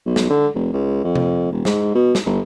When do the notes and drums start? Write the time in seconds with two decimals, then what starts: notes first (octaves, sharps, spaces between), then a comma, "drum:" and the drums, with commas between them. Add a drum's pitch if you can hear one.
0.06 B1
0.16 drum: snare
0.30 D3
0.55 F1
0.73 C#2
1.04 F2
1.15 drum: tom C3
1.52 E1
1.65 G#2, drum: snare
1.95 B2
2.15 drum: snare
2.26 G1